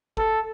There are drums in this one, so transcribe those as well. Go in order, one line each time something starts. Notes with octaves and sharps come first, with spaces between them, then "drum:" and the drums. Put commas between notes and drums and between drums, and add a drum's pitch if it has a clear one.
A4, drum: kick G1